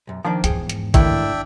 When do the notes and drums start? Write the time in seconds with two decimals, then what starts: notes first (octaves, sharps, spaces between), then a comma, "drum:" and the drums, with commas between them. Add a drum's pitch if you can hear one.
0.07 B1 F#2
0.25 D#3 F3 A#3 D4
0.44 E2 G#2 G#4 G5, drum: hi-hat
0.69 drum: hi-hat
0.94 C#2 D#3 A3 D4 E4 E5 G5, drum: kick, hi-hat